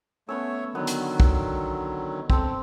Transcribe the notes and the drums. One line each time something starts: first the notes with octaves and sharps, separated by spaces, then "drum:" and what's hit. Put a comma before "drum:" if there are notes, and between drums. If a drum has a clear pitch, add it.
A3 B3 C#4 C#5 E6
D3 D#3 F#3 B3
drum: hi-hat
drum: kick
C4 A4, drum: kick